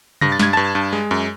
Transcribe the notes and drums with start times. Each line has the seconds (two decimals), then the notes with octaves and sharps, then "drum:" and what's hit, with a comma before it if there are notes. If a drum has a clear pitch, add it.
0.21 G2 A#6, drum: tom C3
0.32 A6
0.39 G2 G#6, drum: snare
0.53 G2 A5 A6
0.75 G2
0.93 G#3
1.11 F#2